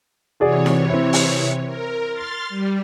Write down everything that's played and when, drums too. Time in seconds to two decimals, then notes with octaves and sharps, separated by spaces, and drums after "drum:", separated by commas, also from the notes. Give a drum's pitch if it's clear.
0.40 C3 E3 F#4 G#4 C#5 D5
0.66 drum: snare D#4
0.90 C4 E4
1.13 drum: open hi-hat
1.66 A#4
2.13 C6 F6 A6
2.49 G3